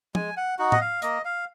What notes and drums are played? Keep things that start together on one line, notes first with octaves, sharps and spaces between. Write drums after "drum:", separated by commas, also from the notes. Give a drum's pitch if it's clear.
G#3 G#5, drum: tom
F#5
D#4 F#4 F#5
D#5, drum: tom A2
F5
A#3 D#5, drum: hi-hat
F5